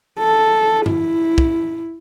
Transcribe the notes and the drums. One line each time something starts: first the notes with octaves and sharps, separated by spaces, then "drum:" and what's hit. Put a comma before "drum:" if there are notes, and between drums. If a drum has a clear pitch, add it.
A4
E4, drum: tom G2
drum: kick